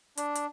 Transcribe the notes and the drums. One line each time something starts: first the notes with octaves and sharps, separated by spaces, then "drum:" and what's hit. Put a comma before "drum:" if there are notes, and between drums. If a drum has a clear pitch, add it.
D4, drum: hi-hat
drum: hi-hat